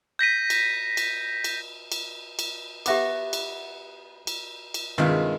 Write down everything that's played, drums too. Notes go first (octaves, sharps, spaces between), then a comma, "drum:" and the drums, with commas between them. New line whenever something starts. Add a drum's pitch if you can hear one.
G6 A#6 B6 D#7
drum: cymbal
drum: cymbal
drum: cymbal
drum: cymbal
drum: cymbal
B3 G4 E5 F#5 D6, drum: cymbal
drum: cymbal
drum: cymbal
drum: cymbal
G2 C3 D#3 G#3 F4